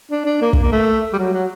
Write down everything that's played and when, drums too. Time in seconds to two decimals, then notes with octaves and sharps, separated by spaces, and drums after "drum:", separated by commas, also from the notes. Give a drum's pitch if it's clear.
0.11 D4
0.26 D4
0.41 A#3
0.53 drum: kick
0.62 A#3
0.72 A3
1.13 G3
1.18 F#3
1.34 F#3